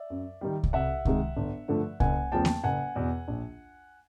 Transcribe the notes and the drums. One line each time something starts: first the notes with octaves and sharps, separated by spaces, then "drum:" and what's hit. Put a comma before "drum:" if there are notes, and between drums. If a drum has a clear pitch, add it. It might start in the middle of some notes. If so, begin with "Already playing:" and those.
Already playing: D5 E5
F#2
D#3 G3
drum: kick C2
C2 E5 F#5
C3 D#3 G#3, drum: kick C2
G1
G2 D3 F3 A3
F#1 F#5 G#5, drum: kick C2
E2 C#3 F3 A3 G5 A5
drum: snare A#3
F#1 F#5 G#5
E2 B2
A#1